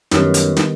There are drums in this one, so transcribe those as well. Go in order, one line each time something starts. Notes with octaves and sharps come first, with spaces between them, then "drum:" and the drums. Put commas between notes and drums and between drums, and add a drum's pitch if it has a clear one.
F#2 D#3 G3 B3, drum: snare
drum: hi-hat
drum: snare